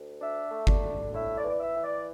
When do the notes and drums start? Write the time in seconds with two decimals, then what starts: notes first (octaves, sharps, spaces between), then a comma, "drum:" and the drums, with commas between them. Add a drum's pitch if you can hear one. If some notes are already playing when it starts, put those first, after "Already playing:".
Already playing: D2
0.21 D4 E5
0.51 A3
0.67 D5, drum: kick G1
0.83 D3
1.14 A2 E5
1.37 D5
1.44 E3
1.50 D5
1.60 E5
1.76 E3
1.84 D5